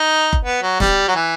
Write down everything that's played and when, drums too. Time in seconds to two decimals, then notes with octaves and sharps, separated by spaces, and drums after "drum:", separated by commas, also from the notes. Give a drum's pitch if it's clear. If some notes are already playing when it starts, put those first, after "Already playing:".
Already playing: D#4
0.33 drum: kick F#1
0.45 B3
0.62 F#3
0.80 G3, drum: snare
1.08 F#3
1.15 E3